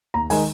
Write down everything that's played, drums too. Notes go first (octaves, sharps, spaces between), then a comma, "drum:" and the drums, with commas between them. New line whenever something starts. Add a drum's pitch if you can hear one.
D#2 A#5
D#3 G#3 D#4 G#5, drum: open hi-hat